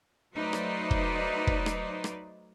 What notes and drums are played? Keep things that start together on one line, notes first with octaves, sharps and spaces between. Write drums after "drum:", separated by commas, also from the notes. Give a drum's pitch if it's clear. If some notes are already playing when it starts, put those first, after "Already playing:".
F#3 A3 D#4 B4 C5 D5
drum: rim click
drum: kick
drum: kick
drum: rim click
drum: rim click